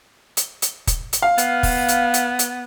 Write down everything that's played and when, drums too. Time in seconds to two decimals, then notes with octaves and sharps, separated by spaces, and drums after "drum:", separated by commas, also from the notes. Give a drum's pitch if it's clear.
0.37 drum: hi-hat
0.62 drum: hi-hat
0.87 drum: kick, hi-hat
1.13 drum: hi-hat
1.22 F5
1.38 B3, drum: hi-hat
1.63 drum: kick, open hi-hat
1.88 drum: hi-hat
2.14 drum: hi-hat
2.39 drum: hi-hat